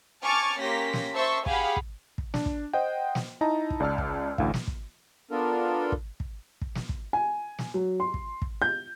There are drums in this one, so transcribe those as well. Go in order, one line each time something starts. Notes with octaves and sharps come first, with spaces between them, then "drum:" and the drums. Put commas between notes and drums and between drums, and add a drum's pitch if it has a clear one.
G#5 A5 C#6 D6 F6 A6
A#3 C#4 G4 C6 A#6 B6
drum: snare
C5 E5 A5 C6 C#6 E6
G4 G#4 F5 F#5 G#5 B5, drum: kick
drum: kick
drum: kick
D4, drum: snare
drum: kick
C5 D#5 F#5 G5
drum: snare
D#4 E4 D#5 A5 A#5
drum: kick
C#2 D5 A5 E6 F6
drum: kick
A1 D2 E4 F5, drum: kick
drum: snare
drum: kick
B3 D4 F4 A4 A#4
drum: kick
drum: kick
drum: kick
drum: snare
drum: kick
G#5
drum: snare
F#3
C6
drum: kick
drum: kick
G6